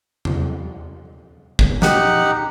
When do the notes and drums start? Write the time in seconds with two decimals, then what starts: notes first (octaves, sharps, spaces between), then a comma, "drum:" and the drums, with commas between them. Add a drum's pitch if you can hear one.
0.25 drum: tom E2
1.59 drum: kick
1.82 D#4 G4 F#5, drum: snare